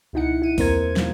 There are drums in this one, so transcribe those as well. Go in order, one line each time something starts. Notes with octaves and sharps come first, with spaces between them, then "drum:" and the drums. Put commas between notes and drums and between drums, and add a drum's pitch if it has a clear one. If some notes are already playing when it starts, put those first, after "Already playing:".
C#2 B2 D#4 E4 F#5 C#7
E4 D#7
E2 A#3 C4 A#4 C5 G#6, drum: kick, open hi-hat
B2 F3 G3 A#3 D#4 F4, drum: snare